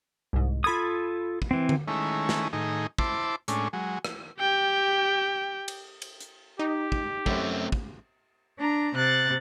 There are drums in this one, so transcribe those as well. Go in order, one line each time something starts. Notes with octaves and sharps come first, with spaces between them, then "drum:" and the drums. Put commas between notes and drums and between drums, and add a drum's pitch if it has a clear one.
C2 G#2
F4 A4 B5 D#6 G#6
drum: kick
E3 C4
drum: tom D3
D#3 G#3 A3 C#4 E4
drum: snare
A2 D#3 D#4 G#4
E4 C5 A5 D6, drum: kick
A2 G#3 C#4 D4, drum: hi-hat
F#3 G#3
drum: rim click
G4 G5
drum: cymbal
drum: cymbal
drum: hi-hat
D#4 G4
drum: kick
F#2 A3 C4, drum: kick
drum: kick
D4 A#5
C3 F#6 A6